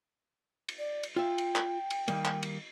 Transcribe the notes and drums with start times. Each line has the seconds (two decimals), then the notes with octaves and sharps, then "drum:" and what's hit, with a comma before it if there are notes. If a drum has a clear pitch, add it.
0.68 drum: cymbal
0.78 D5
1.03 drum: cymbal
1.16 F4 E5 G5
1.38 drum: cymbal
1.56 drum: clap
1.90 drum: cymbal
2.08 D#3 G3 A#3, drum: cymbal
2.25 drum: clap
2.43 drum: cymbal